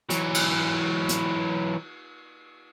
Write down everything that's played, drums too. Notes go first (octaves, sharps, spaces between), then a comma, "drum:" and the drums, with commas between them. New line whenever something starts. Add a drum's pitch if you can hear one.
E3 F#3, drum: hi-hat
drum: cymbal
drum: hi-hat